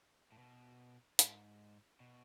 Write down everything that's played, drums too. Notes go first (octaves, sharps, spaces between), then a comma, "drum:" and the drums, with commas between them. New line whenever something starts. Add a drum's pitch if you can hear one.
A2
B2
G#2, drum: hi-hat
B2